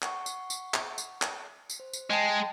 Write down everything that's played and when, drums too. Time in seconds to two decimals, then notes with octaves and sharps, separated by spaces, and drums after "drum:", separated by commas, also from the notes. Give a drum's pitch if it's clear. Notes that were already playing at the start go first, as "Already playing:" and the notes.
0.02 F#5 C#6, drum: clap
0.26 drum: tambourine
0.50 drum: tambourine
0.74 drum: clap
0.98 drum: tambourine
1.22 drum: clap
1.70 drum: tambourine
1.80 C5
1.93 drum: tambourine
2.10 G#3 D#5 G5 A5